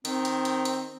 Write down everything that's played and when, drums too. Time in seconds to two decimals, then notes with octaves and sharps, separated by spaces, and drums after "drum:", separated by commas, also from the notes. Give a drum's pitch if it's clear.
0.05 D#3 C4, drum: hi-hat
0.25 drum: hi-hat
0.45 drum: hi-hat
0.65 drum: hi-hat